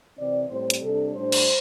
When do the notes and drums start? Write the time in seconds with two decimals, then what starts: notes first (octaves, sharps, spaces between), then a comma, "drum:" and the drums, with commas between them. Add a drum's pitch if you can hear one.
0.17 C3 E3 C4 D5
0.49 A2 G3 C4 C5
0.70 drum: hi-hat
0.81 C3 G3 D4 A4
1.14 A2 G3 D4 C5
1.32 drum: cymbal